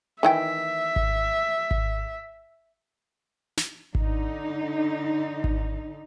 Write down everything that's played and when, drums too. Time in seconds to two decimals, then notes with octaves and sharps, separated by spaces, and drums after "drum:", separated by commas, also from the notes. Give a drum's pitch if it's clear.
0.23 D#3 E3 E5 G5
0.96 drum: kick G#1
1.71 drum: kick G#1
3.57 drum: snare
3.95 D3 D#4, drum: kick G#1
5.44 drum: kick G#1